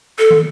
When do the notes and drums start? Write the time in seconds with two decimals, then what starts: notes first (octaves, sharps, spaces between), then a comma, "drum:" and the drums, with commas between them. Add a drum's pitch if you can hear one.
0.19 A4
0.30 drum: tom